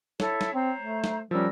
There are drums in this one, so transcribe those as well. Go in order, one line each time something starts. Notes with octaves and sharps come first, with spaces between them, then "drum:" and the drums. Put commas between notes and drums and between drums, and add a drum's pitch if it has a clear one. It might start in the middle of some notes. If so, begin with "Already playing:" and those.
E4 A4 C#5, drum: snare
drum: snare
C4 C5 A#5
A3
drum: snare
F3 G3 C#4 A#4 E6